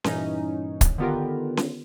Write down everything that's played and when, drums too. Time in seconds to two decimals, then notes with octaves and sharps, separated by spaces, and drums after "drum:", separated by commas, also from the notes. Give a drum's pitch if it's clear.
0.04 G2 A#2 E3 C#4 D#4, drum: snare C#4
0.81 drum: kick, hi-hat
0.98 D3 D#3 B3 F4 G4 A#4
1.57 drum: snare C#4